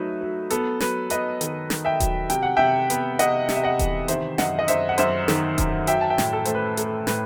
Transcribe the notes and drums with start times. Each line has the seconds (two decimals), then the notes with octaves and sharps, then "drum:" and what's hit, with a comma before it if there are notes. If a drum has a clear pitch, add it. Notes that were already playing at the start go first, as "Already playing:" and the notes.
Already playing: F#3 A3 D#4 B4 E5
0.21 F#3
0.50 B3 A4, drum: hi-hat
0.80 F#3 B4, drum: snare
1.10 B3 B4 D#5, drum: hi-hat
1.41 D#3, drum: hi-hat
1.70 D#3, drum: snare
1.85 E5 G5
2.00 F#3, drum: kick D#1, hi-hat
2.30 C3 G5, drum: hi-hat
2.43 F#5
2.57 C3 E5 G5
2.90 B3, drum: hi-hat
3.19 C3 D#5 F#5, drum: hi-hat
3.49 C3, drum: snare
3.55 E5
3.64 D#5 F#5
3.79 E3, drum: kick D#1, hi-hat
4.08 D#3 C5 E5, drum: hi-hat
4.38 F#2 D#5 F#5, drum: snare
4.59 D#5
4.68 F#2 C5 E5, drum: hi-hat
4.89 F#5
4.98 F#2 C5 E5, drum: hi-hat
5.28 D#3, drum: snare
5.58 F#2, drum: kick D#1, hi-hat
5.87 F#3 E5 G5, drum: hi-hat
6.01 A5
6.10 E5 G5
6.18 A2, drum: snare
6.33 A4
6.45 A3 C5, drum: hi-hat
6.55 B4
6.77 A3 A4, drum: hi-hat
7.07 A2 B4, drum: snare